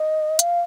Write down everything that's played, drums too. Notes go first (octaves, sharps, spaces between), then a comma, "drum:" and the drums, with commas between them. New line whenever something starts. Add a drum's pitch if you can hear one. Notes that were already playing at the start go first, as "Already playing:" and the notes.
Already playing: D#5
F5, drum: hi-hat